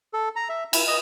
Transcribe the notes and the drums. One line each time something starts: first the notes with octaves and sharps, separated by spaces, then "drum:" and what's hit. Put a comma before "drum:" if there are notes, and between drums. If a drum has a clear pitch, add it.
A4
A#5
E5
E4, drum: cymbal
D#5